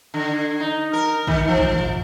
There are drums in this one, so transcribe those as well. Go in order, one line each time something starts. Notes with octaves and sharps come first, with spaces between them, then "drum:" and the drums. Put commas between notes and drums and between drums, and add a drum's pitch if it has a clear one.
D3
D#4
A#4
D#3, drum: kick
F3
drum: kick
drum: tom
drum: tom